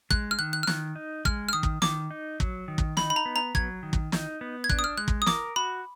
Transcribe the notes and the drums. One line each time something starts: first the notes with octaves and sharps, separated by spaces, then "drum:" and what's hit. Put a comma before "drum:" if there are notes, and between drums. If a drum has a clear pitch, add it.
G#3 F#6, drum: kick
F6
D#3 F#6
F#6
F6
D#3 F#6, drum: snare
D#4
G#3 F6, drum: kick
F6
D#3 D#6
drum: kick
D#3 D6, drum: snare
D#4
F#3, drum: kick
D#3
drum: kick
D#4 B5, drum: snare
B5
A#5
B3
A#5
F#3 G#6, drum: kick
D#3
drum: kick
D#4, drum: snare
B3
G#6
D4 F#6, drum: kick
D#6
F6
G#3 F#6
drum: kick
D#6
A#4 D6, drum: snare
F#4 B5